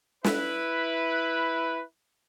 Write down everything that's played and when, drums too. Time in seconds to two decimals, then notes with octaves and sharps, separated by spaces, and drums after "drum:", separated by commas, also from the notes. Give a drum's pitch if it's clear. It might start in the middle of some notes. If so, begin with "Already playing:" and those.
0.24 E4 B4, drum: snare